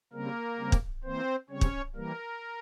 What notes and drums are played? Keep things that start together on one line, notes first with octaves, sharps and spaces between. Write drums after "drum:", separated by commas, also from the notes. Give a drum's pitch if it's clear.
C#3 G3 A#3 C4 A#4
C#3 G3 C4
drum: kick
E3 A#3 C4 C5
C#3 G3 C4 C#4 C#5
drum: kick
E3 G3 A#3 A#4